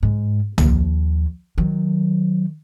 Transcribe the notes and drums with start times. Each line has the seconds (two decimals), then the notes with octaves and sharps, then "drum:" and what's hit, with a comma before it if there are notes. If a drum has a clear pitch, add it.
0.03 G#2
0.58 D#2 F3, drum: tom
1.58 D#3 F#3